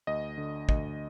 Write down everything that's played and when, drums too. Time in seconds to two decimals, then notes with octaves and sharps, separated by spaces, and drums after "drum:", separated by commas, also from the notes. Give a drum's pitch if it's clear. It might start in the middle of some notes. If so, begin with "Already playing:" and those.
0.07 D2 D#5
0.38 D3
0.69 D2 D#5, drum: kick